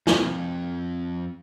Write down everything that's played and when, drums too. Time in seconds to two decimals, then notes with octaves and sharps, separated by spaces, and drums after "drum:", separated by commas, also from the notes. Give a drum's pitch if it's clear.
0.07 F2, drum: snare